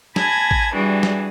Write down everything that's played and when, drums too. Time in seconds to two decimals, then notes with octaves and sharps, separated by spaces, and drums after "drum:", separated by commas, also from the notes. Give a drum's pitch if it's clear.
0.16 G#5 A5 B5 G#6 A#6, drum: snare
0.51 drum: kick A1
0.73 E3 G3 D4 F#4 G#4
1.03 drum: snare